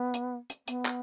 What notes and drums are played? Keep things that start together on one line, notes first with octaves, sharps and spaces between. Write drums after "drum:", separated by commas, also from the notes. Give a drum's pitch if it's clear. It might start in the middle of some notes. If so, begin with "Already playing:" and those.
Already playing: B3
drum: hi-hat
drum: hi-hat
B3, drum: hi-hat
drum: clap